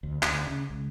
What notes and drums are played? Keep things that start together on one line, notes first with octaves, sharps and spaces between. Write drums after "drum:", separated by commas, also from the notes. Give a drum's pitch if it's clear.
D2
D2, drum: clap
C#3
C#2